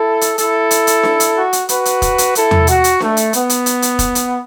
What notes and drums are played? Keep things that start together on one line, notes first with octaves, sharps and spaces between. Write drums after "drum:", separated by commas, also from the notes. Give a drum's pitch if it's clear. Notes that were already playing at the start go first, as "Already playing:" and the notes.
Already playing: E4 A4
drum: hi-hat
E4 A4, drum: hi-hat
drum: hi-hat
drum: hi-hat
drum: snare D4
drum: hi-hat
F#4
drum: hi-hat
F#4 B4, drum: hi-hat
drum: hi-hat
drum: kick E1, hi-hat
drum: hi-hat
E4 A4, drum: hi-hat
drum: tom E2
F#4, drum: hi-hat
drum: hi-hat
A3, drum: snare D4
drum: hi-hat
B3, drum: hi-hat
drum: hi-hat
drum: hi-hat
drum: hi-hat
drum: kick E1, hi-hat
drum: hi-hat